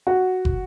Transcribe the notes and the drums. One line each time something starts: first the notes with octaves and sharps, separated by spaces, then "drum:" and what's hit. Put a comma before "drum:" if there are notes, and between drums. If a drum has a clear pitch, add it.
F#4
drum: kick